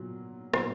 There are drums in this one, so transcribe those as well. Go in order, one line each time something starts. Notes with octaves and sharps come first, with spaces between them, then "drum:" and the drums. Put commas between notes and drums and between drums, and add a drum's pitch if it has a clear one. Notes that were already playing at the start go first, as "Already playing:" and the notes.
Already playing: A#2 F#3 B3
A#2 F#3 B3 C5 C6, drum: rim click